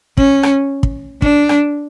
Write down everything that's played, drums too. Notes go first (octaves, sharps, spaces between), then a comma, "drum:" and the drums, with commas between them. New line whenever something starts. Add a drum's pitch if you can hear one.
C#4, drum: kick
drum: rim click
drum: kick
D4, drum: kick
drum: rim click